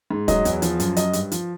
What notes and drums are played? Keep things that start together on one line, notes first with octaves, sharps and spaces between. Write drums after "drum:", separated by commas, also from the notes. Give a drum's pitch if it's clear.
G#2
F#3 D#5, drum: kick, hi-hat
E2, drum: hi-hat
F3, drum: hi-hat
F#2, drum: hi-hat
F#3 D#5, drum: hi-hat
G2, drum: hi-hat
F3, drum: hi-hat